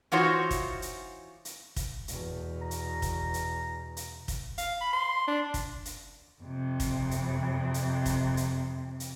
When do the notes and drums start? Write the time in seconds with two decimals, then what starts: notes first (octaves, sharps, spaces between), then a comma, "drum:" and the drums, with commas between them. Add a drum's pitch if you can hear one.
0.12 E3 D#4 F4 F#4 C5 C#5
0.51 drum: kick, hi-hat
0.82 drum: hi-hat
1.45 drum: hi-hat
1.76 drum: kick, hi-hat
2.08 E2 B2, drum: hi-hat
2.62 A#5
2.71 drum: hi-hat
3.02 drum: kick, hi-hat
3.34 drum: hi-hat
3.97 drum: hi-hat
4.28 drum: kick, hi-hat
4.58 F5, drum: hi-hat
4.81 B5
4.93 C6
5.27 D4
5.54 drum: kick, hi-hat
5.85 drum: hi-hat
6.42 F2 C3
6.80 drum: kick, hi-hat
7.11 drum: hi-hat
7.74 drum: hi-hat
8.06 drum: kick, hi-hat
8.37 drum: hi-hat
9.00 drum: hi-hat